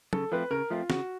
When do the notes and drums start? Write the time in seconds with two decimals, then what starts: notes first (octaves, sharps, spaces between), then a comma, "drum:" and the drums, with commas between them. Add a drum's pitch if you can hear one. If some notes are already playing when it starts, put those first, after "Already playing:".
0.13 C#3 A4, drum: tom
0.32 F3 A3 C4 B4
0.51 C#3 A#4
0.70 F3 A3 C4 F4
0.90 C#3 F#4, drum: snare